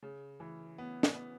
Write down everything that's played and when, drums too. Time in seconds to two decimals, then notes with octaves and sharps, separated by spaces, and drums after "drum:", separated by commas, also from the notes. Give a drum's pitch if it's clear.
0.03 C#3
0.40 E3
0.78 B3
1.03 drum: snare
1.15 B3